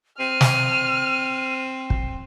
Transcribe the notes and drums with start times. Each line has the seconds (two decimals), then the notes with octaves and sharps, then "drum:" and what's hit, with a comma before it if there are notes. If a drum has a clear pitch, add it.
0.19 C4 F6 D#7
0.41 drum: snare
1.90 drum: kick